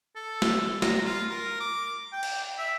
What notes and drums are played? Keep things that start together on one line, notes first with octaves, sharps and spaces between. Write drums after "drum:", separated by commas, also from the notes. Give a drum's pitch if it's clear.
A4
drum: snare
A#5, drum: snare
F4
A#4
D6
G5
drum: cymbal
E5